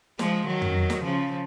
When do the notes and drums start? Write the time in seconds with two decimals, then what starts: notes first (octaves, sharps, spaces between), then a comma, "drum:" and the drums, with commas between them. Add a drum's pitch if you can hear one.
0.19 F3 G#3, drum: snare
0.47 D#3 F#3
0.61 drum: tom
0.90 drum: snare
1.04 C#3 F3